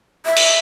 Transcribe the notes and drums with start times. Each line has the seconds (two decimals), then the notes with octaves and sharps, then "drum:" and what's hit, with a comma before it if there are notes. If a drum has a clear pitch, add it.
0.26 E5
0.36 drum: cymbal